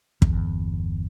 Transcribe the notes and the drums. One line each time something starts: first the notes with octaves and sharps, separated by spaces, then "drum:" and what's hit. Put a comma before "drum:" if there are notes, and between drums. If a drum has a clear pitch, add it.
G1 E2, drum: kick